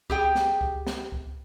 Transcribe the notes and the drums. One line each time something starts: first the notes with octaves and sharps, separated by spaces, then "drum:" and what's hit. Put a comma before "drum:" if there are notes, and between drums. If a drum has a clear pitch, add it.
G4 G#4 G5, drum: kick C#2
drum: snare
drum: kick C#2
drum: snare
drum: kick C#2